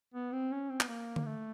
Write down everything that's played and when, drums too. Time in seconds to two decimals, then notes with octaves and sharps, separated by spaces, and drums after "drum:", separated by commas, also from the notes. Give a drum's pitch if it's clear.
0.14 B3
0.32 C4
0.52 C#4
0.70 C4
0.80 B3, drum: clap
0.88 A#3
1.16 drum: tom D3
1.25 A3